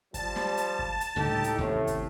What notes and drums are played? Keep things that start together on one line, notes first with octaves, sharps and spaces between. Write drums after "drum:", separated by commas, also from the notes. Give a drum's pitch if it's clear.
F3 G3 A5, drum: kick, hi-hat
drum: snare
drum: hi-hat
drum: kick
drum: hi-hat
C#2 A2 D3 G3 D#4 G4 A4
drum: hi-hat
A1 D#2 A2 C3
drum: kick, hi-hat